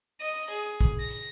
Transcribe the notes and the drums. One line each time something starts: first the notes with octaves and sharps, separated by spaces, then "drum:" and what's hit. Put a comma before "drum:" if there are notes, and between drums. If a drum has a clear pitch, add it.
D#5
G#4, drum: hi-hat
drum: hi-hat
drum: kick, hi-hat
A#6
drum: hi-hat